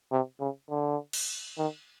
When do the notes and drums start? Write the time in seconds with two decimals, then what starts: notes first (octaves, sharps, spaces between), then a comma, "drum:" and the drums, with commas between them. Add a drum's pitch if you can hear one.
0.12 C3
0.40 C#3
0.70 D3
1.13 drum: cymbal
1.58 D#3